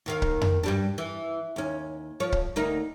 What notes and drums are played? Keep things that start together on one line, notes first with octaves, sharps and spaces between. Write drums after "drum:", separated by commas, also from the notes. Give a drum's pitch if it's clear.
D#2 D#3 F5
drum: kick C#1
drum: tom F2
G2 G3 D4
E3
D#2 C#4
F3 C#5
drum: kick C#1
D2 A#3 D#4